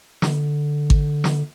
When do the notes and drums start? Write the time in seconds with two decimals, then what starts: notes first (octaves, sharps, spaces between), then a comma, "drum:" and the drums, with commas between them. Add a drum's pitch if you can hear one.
0.22 D3, drum: snare
0.90 drum: kick G#1
1.24 drum: snare